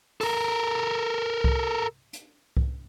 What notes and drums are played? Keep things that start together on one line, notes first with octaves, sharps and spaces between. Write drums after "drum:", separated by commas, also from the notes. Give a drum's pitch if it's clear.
A4 A#4, drum: open hi-hat
drum: kick C2
drum: hi-hat
drum: kick C2